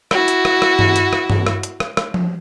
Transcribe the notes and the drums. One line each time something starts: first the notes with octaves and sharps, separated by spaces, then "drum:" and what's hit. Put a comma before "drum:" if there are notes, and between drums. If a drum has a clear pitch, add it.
E4 F#4, drum: rim click
drum: hi-hat
drum: rim click
drum: rim click
drum: tom G2
drum: hi-hat
drum: rim click
drum: tom G2
drum: rim click
drum: hi-hat
drum: rim click
drum: rim click
drum: tom F3